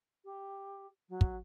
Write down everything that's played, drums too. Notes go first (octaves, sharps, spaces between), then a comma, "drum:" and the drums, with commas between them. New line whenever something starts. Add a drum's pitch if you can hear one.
G4
F#3
drum: kick